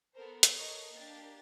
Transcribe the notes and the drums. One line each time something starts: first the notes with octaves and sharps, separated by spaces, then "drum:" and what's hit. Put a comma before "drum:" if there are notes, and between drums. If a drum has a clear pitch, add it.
B3 A4 A#4 C5
drum: hi-hat
A4 A#4 C#5 D#5
A#3 D4 G4 A6